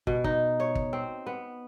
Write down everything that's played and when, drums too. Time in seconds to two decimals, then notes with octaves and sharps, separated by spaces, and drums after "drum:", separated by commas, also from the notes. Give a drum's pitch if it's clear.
0.07 B2, drum: kick
0.24 D#4, drum: kick
0.60 C#5
0.75 drum: kick
0.93 C4
1.26 B3